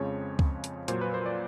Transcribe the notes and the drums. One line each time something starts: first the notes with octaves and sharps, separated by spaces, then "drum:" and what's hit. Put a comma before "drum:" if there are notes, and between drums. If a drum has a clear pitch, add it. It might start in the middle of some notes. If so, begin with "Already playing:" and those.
Already playing: F2 C#3 F3 G#3 C#5
drum: kick C#2
drum: hi-hat
A#2 F#3 C5, drum: hi-hat
B4
C5
D5